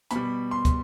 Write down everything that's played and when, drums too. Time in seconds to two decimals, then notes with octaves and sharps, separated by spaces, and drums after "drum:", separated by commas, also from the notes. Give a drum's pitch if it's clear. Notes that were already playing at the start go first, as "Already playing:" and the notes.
0.11 B2 G3 B5, drum: hi-hat
0.51 C6
0.65 drum: kick, hi-hat